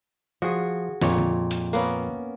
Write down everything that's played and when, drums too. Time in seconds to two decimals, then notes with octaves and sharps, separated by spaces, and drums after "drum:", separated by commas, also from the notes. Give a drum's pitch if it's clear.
0.42 F3 F#4 G#4
1.02 F2 A#2 C#5, drum: snare
1.18 drum: tom
1.51 drum: hi-hat
1.73 A#3 B3 C#4, drum: tambourine